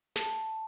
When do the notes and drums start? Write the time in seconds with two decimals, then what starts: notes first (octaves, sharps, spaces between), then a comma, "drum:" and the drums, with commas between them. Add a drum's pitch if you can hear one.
0.16 A5, drum: snare